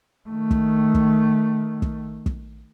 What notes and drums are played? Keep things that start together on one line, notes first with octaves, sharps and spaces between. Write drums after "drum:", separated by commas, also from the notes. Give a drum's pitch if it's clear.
D#3 A3
drum: kick
drum: kick
drum: kick
drum: kick